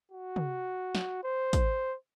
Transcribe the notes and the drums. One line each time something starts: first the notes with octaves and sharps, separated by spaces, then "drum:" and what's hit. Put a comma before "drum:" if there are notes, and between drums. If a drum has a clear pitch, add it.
F#4
drum: tom
drum: snare
C5
drum: kick, hi-hat